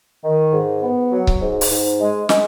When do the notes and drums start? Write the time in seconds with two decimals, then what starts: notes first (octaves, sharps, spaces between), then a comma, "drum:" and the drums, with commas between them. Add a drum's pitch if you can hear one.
0.23 D#3
0.53 G#2
0.82 B3
1.12 F#3
1.27 drum: kick C#1
1.41 G#2
1.61 drum: open hi-hat
1.71 G#2
2.00 G#3
2.29 G#3, drum: snare